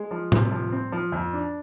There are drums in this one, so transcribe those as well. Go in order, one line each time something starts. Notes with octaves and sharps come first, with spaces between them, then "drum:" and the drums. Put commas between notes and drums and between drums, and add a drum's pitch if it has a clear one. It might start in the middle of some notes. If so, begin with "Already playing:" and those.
Already playing: G#3
F3
C3, drum: tom A2
F3
C4
F3
F2
D4